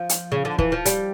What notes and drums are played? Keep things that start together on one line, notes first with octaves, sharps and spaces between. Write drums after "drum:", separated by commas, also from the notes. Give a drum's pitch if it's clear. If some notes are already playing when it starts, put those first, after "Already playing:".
Already playing: F3
drum: hi-hat
C#3
D3
E3, drum: kick
F3
G3, drum: hi-hat